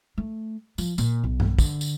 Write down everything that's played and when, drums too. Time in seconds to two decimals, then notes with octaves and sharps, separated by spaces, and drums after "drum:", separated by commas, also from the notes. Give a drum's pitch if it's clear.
0.18 A3
0.78 F3, drum: tambourine
0.98 A#2, drum: tambourine
1.24 B1
1.40 drum: tom G2
1.59 D3, drum: kick, tambourine
1.81 drum: tambourine